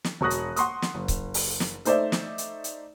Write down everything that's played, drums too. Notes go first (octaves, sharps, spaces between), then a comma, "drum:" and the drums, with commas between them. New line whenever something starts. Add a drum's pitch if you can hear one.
drum: snare
E1 F#4 C#6 D#6 F#6 A#6
drum: hi-hat
F#5 C6 C#6 D#6, drum: hi-hat
drum: snare
F#1
drum: kick C#1, hi-hat
drum: open hi-hat
drum: snare
A3 D#4 C5 D5 E5, drum: hi-hat
drum: snare
drum: hi-hat
drum: hi-hat